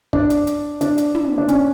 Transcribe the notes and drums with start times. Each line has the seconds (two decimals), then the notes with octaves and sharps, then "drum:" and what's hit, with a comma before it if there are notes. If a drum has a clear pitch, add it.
0.13 D4, drum: kick
0.30 drum: hi-hat
0.47 drum: hi-hat
0.81 D4, drum: hi-hat
0.98 drum: hi-hat
1.15 drum: tom
1.38 D4
1.48 C#4, drum: hi-hat